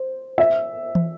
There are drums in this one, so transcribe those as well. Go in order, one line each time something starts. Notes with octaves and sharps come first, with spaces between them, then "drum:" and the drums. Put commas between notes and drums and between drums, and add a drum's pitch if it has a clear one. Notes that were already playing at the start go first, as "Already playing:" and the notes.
Already playing: C5
E5
drum: tom